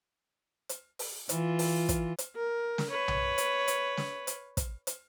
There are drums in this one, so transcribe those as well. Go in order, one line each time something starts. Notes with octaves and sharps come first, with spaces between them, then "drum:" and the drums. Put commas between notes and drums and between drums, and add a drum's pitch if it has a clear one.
drum: hi-hat
drum: open hi-hat
E3 F4, drum: hi-hat
drum: open hi-hat
drum: kick, hi-hat
drum: hi-hat
A#4
drum: snare
B4 C#5
drum: tom B1
drum: hi-hat
drum: hi-hat
drum: snare
drum: hi-hat
drum: kick, hi-hat
drum: hi-hat